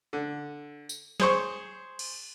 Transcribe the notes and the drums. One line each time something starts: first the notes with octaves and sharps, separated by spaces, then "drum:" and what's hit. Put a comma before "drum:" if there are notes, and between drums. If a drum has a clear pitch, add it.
D3
drum: tambourine
G#4 C5 C#6, drum: snare
drum: cymbal